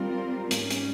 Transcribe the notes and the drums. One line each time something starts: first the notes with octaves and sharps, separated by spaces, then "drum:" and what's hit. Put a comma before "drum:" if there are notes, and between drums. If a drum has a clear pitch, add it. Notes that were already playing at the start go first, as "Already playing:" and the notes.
Already playing: G3 C4 F4 A#4
G#2 G3 C#4, drum: hi-hat
drum: hi-hat